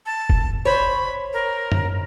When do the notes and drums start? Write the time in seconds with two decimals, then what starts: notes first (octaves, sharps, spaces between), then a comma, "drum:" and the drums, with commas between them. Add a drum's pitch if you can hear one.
0.06 A5
0.30 drum: kick
0.66 C5 C#5 B5
1.33 A#4
1.72 drum: tom F#2